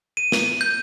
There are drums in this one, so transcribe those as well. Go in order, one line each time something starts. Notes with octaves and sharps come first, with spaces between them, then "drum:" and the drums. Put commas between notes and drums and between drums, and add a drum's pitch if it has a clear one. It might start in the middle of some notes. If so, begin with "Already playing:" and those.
D#7
drum: snare
G6